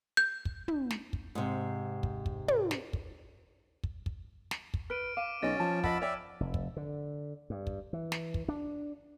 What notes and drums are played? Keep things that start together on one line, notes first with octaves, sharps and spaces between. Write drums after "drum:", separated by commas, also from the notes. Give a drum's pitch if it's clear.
G6
drum: kick
drum: tom
drum: snare
drum: kick
G#2 C3
drum: kick
drum: kick
drum: tom
drum: snare
drum: kick
drum: kick
drum: kick
drum: snare
drum: kick
B4 F6 D7 D#7
F5 D6 D#7
B1 C#4 F#4 D#5 A6
F3 A5
D#5 F#5 A5 B5 E6, drum: kick
C#5 D5 E5 G5
F1
drum: kick
D3
G2
drum: kick
E3
drum: snare
drum: kick
D4